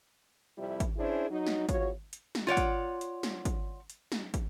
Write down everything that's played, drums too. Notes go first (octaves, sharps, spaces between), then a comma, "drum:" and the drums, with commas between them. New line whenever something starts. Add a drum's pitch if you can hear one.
F2 C3 G3 E4
drum: kick, hi-hat
C#4 D4 E4 G#4 C5
F#3 D#4
drum: snare
E2 F4 F#4 C#5, drum: kick, hi-hat
drum: hi-hat
drum: snare
F4 C#5 D5 F#5
drum: kick, hi-hat
drum: hi-hat
drum: snare
drum: kick, hi-hat
drum: hi-hat
drum: snare
drum: kick, hi-hat